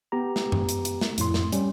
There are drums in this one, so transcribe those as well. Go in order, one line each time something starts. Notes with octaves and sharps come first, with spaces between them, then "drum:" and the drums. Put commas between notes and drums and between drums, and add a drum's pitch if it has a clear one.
B3 G4 A#5
drum: snare
drum: tom F#2
drum: hi-hat
drum: hi-hat
drum: snare
F2 A2 C6, drum: hi-hat
drum: snare
G3 C#4, drum: hi-hat